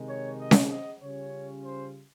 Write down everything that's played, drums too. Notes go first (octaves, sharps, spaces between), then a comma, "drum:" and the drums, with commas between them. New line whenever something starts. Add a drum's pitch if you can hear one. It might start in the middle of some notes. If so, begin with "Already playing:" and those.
Already playing: C3 D#3 G#3 D#4
C#5
D#5
drum: snare C#4
D#5
C#3 G3 C#4 F4 C#5
C5